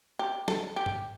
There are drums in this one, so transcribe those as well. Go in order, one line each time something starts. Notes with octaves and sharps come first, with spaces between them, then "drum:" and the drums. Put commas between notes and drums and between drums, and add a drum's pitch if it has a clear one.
G4
A4, drum: snare
G4
drum: tom G2